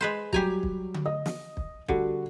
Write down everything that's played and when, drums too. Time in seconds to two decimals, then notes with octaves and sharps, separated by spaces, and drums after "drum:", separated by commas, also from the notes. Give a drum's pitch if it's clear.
0.01 G#3 B4 C5
0.33 F#3 G3 G4 G#5 A#5, drum: kick
0.63 drum: kick
0.94 drum: tom D3
1.06 D#5
1.26 drum: snare
1.57 drum: kick
1.88 D3 G3 F#4, drum: kick